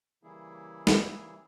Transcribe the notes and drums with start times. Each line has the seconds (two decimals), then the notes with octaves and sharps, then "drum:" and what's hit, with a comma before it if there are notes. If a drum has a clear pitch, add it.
0.23 C#3 E3 G3 A#3 E4 G#4
0.87 drum: snare